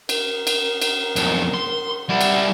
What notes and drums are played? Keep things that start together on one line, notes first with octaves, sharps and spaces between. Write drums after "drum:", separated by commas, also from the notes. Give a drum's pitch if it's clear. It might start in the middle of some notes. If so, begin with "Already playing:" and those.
A#4, drum: cymbal
drum: cymbal
drum: cymbal
B1 F2, drum: cymbal
C6
G3 E4 F#5
drum: cymbal